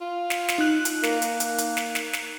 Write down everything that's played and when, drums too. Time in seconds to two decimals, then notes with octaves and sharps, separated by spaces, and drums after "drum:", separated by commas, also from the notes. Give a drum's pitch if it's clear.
0.01 F4
0.30 drum: snare
0.48 drum: snare
0.58 D#4 F#6
0.85 drum: hi-hat
1.03 A#3, drum: snare
1.22 drum: hi-hat
1.40 drum: hi-hat
1.58 drum: hi-hat
1.77 drum: snare
1.95 drum: snare
2.13 drum: snare